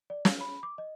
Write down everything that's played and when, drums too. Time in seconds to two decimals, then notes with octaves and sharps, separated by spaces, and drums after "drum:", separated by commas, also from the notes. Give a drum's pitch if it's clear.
0.10 D5
0.25 C#5, drum: snare
0.41 B5
0.63 D6
0.78 D#5